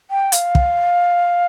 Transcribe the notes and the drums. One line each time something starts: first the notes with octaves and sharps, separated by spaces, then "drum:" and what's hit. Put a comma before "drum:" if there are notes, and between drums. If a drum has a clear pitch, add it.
G5
F5, drum: hi-hat
drum: kick